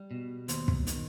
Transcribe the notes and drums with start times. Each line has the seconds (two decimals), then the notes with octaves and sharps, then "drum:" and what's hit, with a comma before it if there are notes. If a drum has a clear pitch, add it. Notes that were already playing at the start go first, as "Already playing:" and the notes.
Already playing: G3
0.11 B2
0.48 D#2 C5, drum: hi-hat
0.68 drum: kick
0.87 D#3, drum: hi-hat